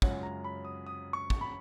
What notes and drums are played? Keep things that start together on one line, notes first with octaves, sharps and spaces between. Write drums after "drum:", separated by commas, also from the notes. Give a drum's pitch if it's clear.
F#2 C#3 G#3 C#4 F4 F#5, drum: kick
A#5
B5
D#6
D#6
C#6
drum: kick
B5